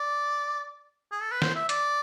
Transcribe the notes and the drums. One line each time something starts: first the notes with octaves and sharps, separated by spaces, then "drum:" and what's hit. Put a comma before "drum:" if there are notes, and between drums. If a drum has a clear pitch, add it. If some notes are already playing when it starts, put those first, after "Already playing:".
Already playing: D5
G#4
A4
B4
C5, drum: snare
E5
D5, drum: hi-hat